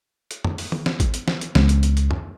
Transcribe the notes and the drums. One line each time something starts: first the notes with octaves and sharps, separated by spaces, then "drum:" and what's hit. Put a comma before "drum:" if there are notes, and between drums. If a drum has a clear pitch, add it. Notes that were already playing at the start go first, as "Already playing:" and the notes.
drum: hi-hat
drum: tom
drum: open hi-hat
drum: tom D#3
drum: snare
drum: kick, hi-hat
drum: hi-hat
drum: snare
drum: hi-hat
C#2, drum: snare
drum: hi-hat
drum: hi-hat
drum: hi-hat
drum: tom